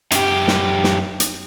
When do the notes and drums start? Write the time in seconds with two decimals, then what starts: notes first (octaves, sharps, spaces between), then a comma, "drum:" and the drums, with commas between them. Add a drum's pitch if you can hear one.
0.12 F#2 G4, drum: hi-hat
0.48 drum: snare
0.84 drum: snare
1.20 drum: hi-hat